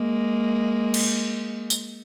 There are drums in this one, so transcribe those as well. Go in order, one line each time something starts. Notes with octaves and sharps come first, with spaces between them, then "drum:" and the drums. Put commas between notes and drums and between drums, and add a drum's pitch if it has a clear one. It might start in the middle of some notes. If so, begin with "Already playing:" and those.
Already playing: G#3 A#3
drum: cymbal
drum: tambourine